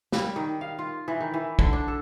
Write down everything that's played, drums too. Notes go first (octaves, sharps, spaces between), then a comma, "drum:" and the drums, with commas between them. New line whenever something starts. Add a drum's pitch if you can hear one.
G3, drum: snare
D#3
F5
F4
E3
D#3
E3
D3, drum: kick
D4
A4